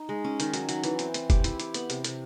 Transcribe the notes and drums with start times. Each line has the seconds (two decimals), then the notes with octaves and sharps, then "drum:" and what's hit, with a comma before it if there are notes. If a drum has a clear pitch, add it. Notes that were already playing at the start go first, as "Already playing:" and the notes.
Already playing: D#4
0.09 G#3
0.24 C#4
0.40 D#3, drum: hi-hat
0.54 F#3, drum: hi-hat
0.69 F#3, drum: hi-hat
0.84 E3, drum: hi-hat
0.99 C4, drum: hi-hat
1.14 C4, drum: hi-hat
1.30 G4, drum: kick, hi-hat
1.44 E4, drum: hi-hat
1.60 G4, drum: hi-hat
1.74 B3, drum: hi-hat
1.90 C3, drum: hi-hat
2.04 C3, drum: hi-hat